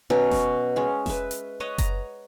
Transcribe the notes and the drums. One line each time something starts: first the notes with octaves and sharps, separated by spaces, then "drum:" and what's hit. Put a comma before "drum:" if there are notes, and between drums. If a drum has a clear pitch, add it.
B2 F#3 C#4
drum: snare F1
G#3 C#4
B4 E5, drum: snare F1
drum: hi-hat
B4 C#5 D#5 F#5
A#5, drum: kick F#1, hi-hat